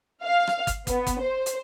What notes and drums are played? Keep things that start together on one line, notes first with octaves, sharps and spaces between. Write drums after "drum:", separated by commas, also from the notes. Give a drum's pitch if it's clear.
F5
drum: rim click
drum: kick, hi-hat
B3, drum: kick, hi-hat
drum: kick, hi-hat
C5
drum: hi-hat